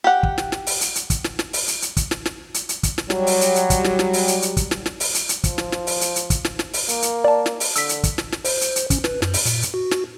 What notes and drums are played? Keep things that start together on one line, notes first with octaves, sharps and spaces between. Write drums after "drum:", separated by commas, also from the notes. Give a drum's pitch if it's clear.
G4 F#5
drum: kick
drum: snare
drum: snare
drum: open hi-hat
drum: hi-hat
drum: hi-hat
drum: kick, hi-hat
drum: snare
drum: snare
drum: open hi-hat
drum: hi-hat
drum: hi-hat
drum: kick, hi-hat
drum: snare
drum: snare
drum: hi-hat
drum: hi-hat
drum: kick, hi-hat
drum: snare
F#3 G3, drum: snare
drum: open hi-hat
drum: hi-hat
drum: hi-hat
drum: kick, hi-hat
drum: snare
drum: snare
drum: open hi-hat
drum: hi-hat
drum: hi-hat
drum: kick, hi-hat
drum: snare
drum: snare
drum: open hi-hat
drum: hi-hat
drum: hi-hat
F3, drum: kick, hi-hat
drum: snare
drum: snare
drum: open hi-hat
drum: hi-hat
drum: hi-hat
drum: kick, hi-hat
drum: snare
drum: snare
drum: open hi-hat
A#3, drum: hi-hat
drum: hi-hat
D5 A5
drum: snare
drum: open hi-hat
D3 E6 B6, drum: hi-hat
drum: hi-hat
drum: kick, hi-hat
drum: snare
drum: snare
C5, drum: open hi-hat
drum: hi-hat
drum: hi-hat
C#4, drum: kick, hi-hat
B4, drum: snare
F#2, drum: snare
drum: open hi-hat
A#2, drum: hi-hat
drum: hi-hat
F#4
drum: snare